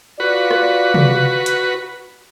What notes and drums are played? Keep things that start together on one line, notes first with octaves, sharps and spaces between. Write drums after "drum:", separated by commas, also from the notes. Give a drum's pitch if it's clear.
F4 F#4 B4 D5
drum: rim click
drum: tom C3
drum: hi-hat